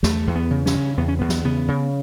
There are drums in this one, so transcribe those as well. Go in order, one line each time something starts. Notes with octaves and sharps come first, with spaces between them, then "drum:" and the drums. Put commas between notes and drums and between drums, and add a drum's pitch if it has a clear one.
E2 A3, drum: snare
E2
B3
C#3
C#4, drum: snare
C#3
E2 B3
C#4
E2 B3
drum: snare
C#3 B3
C#3